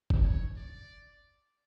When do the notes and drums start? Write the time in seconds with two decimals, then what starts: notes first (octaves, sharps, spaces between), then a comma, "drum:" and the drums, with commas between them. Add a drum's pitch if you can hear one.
0.10 drum: kick F1
0.23 C#5
0.57 D5